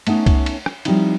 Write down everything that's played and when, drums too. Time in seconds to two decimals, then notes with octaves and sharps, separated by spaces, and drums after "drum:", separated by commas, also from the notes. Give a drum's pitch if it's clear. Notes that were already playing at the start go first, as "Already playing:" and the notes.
0.07 A3 B3 C#4 D#4, drum: cymbal
0.26 drum: kick C2, cymbal
0.46 drum: cymbal
0.66 drum: rim click
0.85 F3 G3 A#3 C4 D#4 E4, drum: cymbal